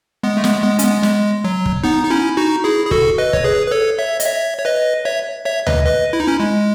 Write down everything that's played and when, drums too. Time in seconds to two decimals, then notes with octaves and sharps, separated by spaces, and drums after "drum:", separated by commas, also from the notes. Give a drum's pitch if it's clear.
0.23 G#3 B3
0.37 A3
0.44 G#3 B3, drum: snare
0.63 G#3 B3
0.79 C#4, drum: hi-hat
0.83 G#3 B3
1.03 G#3, drum: snare
1.44 F#3
1.66 drum: kick
1.84 B3 D#4
2.04 D#4
2.10 C#4 E4
2.37 D#4 F#4
2.64 E4 G#4
2.86 G#4
2.91 F#4 A4, drum: kick
3.18 B4 D#5
3.33 C#5, drum: kick
3.44 G#4 B4
3.67 B4
3.71 A4 C#5
3.98 C#5 E5
4.20 D#5, drum: hi-hat
4.25 C#5 E5
4.59 C#5
4.65 B4 D#5
5.05 C#5 E5
5.45 C#5 E5
5.67 B4 D#5, drum: tom D2
5.86 B4 D#5
6.13 E4
6.20 D#4
6.28 C#4 E4
6.40 G#3